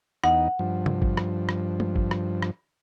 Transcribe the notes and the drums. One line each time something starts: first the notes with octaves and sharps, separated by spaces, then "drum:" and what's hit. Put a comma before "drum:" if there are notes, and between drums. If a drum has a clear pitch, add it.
E2 D#4 F#5, drum: rim click
G2 F3
drum: tom C3
drum: kick
drum: rim click
drum: rim click
drum: tom G#3
drum: kick
drum: rim click
drum: rim click